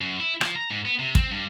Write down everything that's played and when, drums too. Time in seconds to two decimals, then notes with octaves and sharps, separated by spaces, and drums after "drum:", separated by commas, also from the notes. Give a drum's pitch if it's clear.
0.01 F#2
0.20 E4
0.41 F3, drum: rim click
0.56 A#5
0.70 G#2
0.85 B3
0.99 C3
1.15 C4, drum: kick
1.31 G2